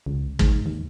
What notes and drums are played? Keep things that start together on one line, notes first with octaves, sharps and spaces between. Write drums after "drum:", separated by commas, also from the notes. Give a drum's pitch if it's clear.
C#2
G#2, drum: kick
D#2